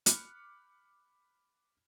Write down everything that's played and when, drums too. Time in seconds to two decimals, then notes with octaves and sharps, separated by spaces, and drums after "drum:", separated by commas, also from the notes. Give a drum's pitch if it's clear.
0.06 B5 D6 F6 F#6 C#7, drum: hi-hat